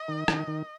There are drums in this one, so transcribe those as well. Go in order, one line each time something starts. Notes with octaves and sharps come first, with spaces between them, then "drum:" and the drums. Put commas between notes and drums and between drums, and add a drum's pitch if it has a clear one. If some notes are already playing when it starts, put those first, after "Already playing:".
Already playing: D#5
D#3
D#3, drum: rim click
D#3